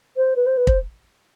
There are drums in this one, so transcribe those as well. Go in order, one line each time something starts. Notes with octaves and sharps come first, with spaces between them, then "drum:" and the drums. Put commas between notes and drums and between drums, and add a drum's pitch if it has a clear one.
C5
B4
C5
B4
C5, drum: kick